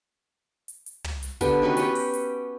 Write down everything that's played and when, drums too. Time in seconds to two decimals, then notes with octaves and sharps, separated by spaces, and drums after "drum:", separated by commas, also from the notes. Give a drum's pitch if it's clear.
0.68 drum: hi-hat
0.86 drum: hi-hat
1.04 drum: tom
1.23 drum: hi-hat
1.41 D3 B3 D4 G4, drum: kick, hi-hat
1.62 D#3 C#4 F#4 B4
1.77 C#4 G4, drum: hi-hat
1.95 drum: open hi-hat
2.13 drum: hi-hat